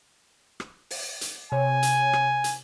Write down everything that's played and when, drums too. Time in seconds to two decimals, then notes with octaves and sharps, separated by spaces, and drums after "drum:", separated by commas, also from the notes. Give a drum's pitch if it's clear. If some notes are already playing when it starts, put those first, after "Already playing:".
0.60 drum: rim click
0.91 drum: open hi-hat
1.21 drum: hi-hat
1.52 C3 C#5 G#5
1.83 drum: hi-hat
2.13 drum: rim click
2.44 drum: hi-hat